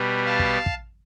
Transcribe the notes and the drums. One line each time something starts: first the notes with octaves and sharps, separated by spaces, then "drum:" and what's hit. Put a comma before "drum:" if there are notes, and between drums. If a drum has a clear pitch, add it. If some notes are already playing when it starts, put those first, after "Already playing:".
Already playing: B2 G3 B3
F5 A5
drum: kick
drum: kick